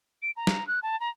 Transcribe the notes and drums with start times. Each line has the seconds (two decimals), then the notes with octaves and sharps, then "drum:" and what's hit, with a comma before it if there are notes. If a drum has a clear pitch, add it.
0.22 D7
0.37 A#5
0.47 drum: snare
0.67 F#6
0.83 A5
1.00 A#5